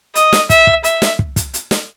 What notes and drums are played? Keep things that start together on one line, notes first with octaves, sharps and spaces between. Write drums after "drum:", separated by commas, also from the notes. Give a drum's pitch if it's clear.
D#5, drum: hi-hat
drum: snare
E5, drum: kick, hi-hat
drum: kick
E5, drum: hi-hat
drum: snare
drum: kick
drum: kick, hi-hat
drum: hi-hat
drum: snare